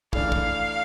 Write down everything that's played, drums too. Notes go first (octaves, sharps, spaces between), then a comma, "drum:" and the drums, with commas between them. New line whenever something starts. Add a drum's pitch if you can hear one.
E3 A3 D4 F5, drum: kick
drum: kick